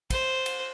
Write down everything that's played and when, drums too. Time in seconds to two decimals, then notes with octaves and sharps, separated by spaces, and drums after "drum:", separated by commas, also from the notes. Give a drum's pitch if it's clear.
0.10 C5, drum: kick, cymbal
0.46 drum: cymbal